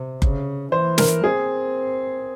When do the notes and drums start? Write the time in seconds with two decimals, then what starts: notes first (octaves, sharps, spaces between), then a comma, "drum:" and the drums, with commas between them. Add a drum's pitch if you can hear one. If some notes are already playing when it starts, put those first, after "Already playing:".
Already playing: C3
0.22 C#3, drum: kick F#1
0.72 E3 C5
0.98 A#4, drum: snare
1.24 C4 G#4